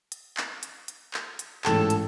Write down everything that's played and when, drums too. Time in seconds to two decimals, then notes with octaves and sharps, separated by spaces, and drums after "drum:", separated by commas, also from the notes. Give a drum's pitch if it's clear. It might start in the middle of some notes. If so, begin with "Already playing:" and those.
0.12 drum: hi-hat
0.37 drum: clap
0.63 drum: hi-hat
0.88 drum: hi-hat
1.14 drum: clap
1.39 drum: hi-hat
1.65 A1 G#2 A4 G5 A5, drum: clap
1.90 drum: hi-hat